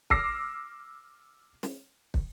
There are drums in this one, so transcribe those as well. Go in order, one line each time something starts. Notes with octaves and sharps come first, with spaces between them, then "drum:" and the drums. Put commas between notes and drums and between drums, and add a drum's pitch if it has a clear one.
D6 E6 F6 A#6 C7, drum: kick
drum: snare
drum: kick